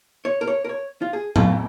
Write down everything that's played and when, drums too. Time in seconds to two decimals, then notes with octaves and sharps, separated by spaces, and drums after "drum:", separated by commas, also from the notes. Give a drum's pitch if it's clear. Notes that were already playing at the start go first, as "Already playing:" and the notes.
0.25 C#5
0.41 A#4
0.47 C#5
0.64 A#4
0.69 C#5
1.02 F4
1.13 G#4
1.36 F4, drum: tom A2